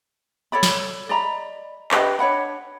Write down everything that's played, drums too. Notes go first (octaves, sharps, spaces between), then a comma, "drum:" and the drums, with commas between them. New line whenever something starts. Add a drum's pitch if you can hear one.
A4 C#5 D5 B5
drum: snare
D5 D#5 A#5 B5
D4 G4 B4 D#5, drum: clap
D4 C#5 F#5 B5